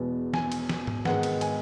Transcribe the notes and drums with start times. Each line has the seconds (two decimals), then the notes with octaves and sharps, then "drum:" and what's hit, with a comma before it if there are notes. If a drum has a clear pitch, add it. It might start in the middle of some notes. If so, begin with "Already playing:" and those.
Already playing: E2 B2 G#3 B3
0.34 G#5, drum: snare
0.52 drum: cymbal
0.69 drum: snare
0.87 drum: tom G#2
1.05 G#2 D#3 G#3 B3 F#5, drum: snare
1.23 drum: cymbal
1.41 G#5, drum: cymbal